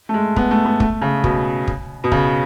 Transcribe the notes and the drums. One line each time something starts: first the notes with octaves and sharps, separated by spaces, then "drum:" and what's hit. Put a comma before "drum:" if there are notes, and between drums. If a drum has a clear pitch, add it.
A3
G#3
B3, drum: kick
A3
B3
A3, drum: kick
C#3
B2, drum: kick
drum: kick
B2
C#3, drum: kick